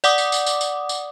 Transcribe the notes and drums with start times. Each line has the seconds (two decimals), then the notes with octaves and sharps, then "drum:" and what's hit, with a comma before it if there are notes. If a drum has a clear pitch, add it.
0.04 D5 F#5 D6 D#6, drum: tambourine
0.18 drum: tambourine
0.32 drum: tambourine
0.46 drum: tambourine
0.61 drum: tambourine
0.89 drum: tambourine